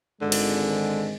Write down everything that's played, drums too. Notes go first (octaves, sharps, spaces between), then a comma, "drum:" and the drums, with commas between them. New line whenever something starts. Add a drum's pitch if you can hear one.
G#1 D3 G#3
drum: cymbal